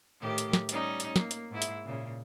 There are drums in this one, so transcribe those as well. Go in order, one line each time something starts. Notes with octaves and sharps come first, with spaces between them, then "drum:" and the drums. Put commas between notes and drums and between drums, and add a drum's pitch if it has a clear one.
A2 D#3 G4
drum: hi-hat
drum: snare
G3 C#4 D#4, drum: hi-hat
drum: hi-hat
A#3, drum: snare
drum: hi-hat
G#2 E4
drum: hi-hat
A#2 C#3